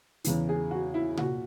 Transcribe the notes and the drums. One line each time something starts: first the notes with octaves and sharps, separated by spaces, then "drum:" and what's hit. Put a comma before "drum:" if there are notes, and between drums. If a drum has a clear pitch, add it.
E2 C#3 E3, drum: hi-hat
G#4
F#4
E4
A#2 F#4, drum: tom C3